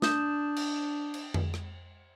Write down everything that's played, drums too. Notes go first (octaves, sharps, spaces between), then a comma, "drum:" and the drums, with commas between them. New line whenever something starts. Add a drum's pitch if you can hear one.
D4 D#6 G6 E7, drum: snare
drum: cymbal
drum: cymbal
drum: tom F2
drum: rim click